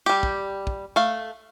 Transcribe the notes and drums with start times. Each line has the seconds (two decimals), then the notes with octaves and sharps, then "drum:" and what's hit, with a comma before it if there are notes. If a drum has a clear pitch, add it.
0.06 G3 G4
0.23 drum: kick
0.67 drum: kick
0.96 A3 F5